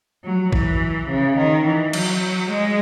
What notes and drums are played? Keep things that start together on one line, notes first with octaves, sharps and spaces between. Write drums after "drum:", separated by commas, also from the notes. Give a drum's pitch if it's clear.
F#3
E3, drum: kick A1
C#3
D#3
E3
F#3, drum: cymbal
G#3